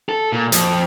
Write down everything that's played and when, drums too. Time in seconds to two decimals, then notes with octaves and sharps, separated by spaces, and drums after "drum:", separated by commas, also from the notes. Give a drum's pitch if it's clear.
0.09 A4
0.32 A#2
0.52 F2, drum: hi-hat